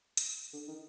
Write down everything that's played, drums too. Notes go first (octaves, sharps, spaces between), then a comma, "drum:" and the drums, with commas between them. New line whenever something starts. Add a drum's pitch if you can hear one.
drum: hi-hat
D3
D#3